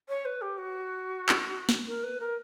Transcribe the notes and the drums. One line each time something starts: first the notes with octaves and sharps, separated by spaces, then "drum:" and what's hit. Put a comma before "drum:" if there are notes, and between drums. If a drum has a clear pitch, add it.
C#5
B4
G4
F#4
drum: clap
drum: snare
A#4
B4
A#4